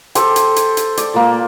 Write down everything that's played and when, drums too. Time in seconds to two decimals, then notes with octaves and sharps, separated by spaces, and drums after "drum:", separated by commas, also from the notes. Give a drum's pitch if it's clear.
0.15 G4 A4 C5, drum: hi-hat
0.36 drum: hi-hat
0.56 drum: hi-hat
0.77 drum: hi-hat
0.97 D5, drum: hi-hat
1.14 A#2 A#3